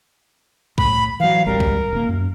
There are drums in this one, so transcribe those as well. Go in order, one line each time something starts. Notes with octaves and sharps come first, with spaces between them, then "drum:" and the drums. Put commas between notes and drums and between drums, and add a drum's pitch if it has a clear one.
A2 B5, drum: kick B1
E3 F#3 F5
D1 G#1 G3 A#4
drum: kick B1
D#1 A#3
F#2